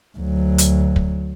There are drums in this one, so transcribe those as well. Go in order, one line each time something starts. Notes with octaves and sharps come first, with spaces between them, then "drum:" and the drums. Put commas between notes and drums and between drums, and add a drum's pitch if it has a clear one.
D2 F#3
drum: hi-hat
drum: kick